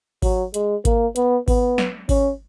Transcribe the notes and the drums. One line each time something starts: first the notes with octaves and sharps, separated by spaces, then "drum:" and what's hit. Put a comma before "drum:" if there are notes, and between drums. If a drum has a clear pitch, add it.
F#3, drum: kick G#1, open hi-hat
G#3, drum: hi-hat
A#3, drum: kick G#1, hi-hat
B3, drum: hi-hat
B3, drum: kick G#1, open hi-hat
drum: snare
C#4, drum: kick G#1, open hi-hat